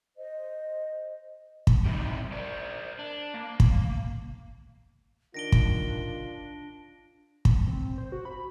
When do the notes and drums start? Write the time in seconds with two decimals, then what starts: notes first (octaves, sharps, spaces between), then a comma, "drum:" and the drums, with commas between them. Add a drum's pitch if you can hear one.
0.17 C5 D#5
1.67 drum: kick
1.85 G3 C4 D#4 E4 G4
2.32 A#4 C5 D5
2.99 D4
3.34 A#3
3.60 drum: kick
5.34 D#3 D4 F4 A#6 D7 G7
5.52 drum: kick
7.45 drum: kick
7.67 C4
7.98 C5
8.12 F#4
8.25 B5